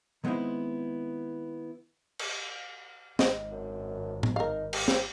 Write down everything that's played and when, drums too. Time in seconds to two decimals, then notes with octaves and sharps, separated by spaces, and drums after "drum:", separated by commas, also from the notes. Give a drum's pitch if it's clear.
0.24 D#3 G#3 B3 C4 D#4 E4
2.19 drum: cymbal
3.19 G#1 D#5, drum: snare
3.51 F#2
4.23 drum: tom
4.36 D#4 A#4 F5
4.73 G4, drum: cymbal
4.88 drum: snare